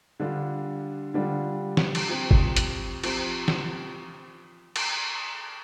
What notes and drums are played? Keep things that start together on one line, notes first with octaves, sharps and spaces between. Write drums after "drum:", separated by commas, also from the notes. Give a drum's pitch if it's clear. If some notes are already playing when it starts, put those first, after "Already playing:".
D3 G3 D4 F4
D3 G3 D4 F4
drum: snare
drum: cymbal
F3 C4 G4
drum: kick F#1
drum: hi-hat
F3 C4 G4, drum: cymbal
drum: snare
drum: cymbal